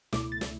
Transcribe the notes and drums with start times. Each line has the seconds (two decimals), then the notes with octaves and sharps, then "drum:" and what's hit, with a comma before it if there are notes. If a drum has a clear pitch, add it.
0.13 C#2 B2 A3 E4 D6, drum: snare
0.32 A6
0.41 drum: snare